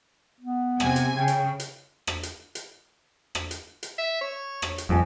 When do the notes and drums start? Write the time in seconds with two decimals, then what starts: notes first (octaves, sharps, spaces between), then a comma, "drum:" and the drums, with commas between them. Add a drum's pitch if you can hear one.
0.41 B3
0.80 C3 G#5, drum: rim click
0.96 drum: hi-hat
1.17 C#3 G5
1.28 drum: hi-hat
1.60 drum: hi-hat
2.07 drum: rim click
2.23 drum: hi-hat
2.55 drum: hi-hat
3.35 drum: rim click
3.51 drum: hi-hat
3.83 drum: hi-hat
3.98 E5
4.21 C#5
4.62 drum: rim click
4.78 drum: hi-hat
4.89 D#1 F2 F3 G#5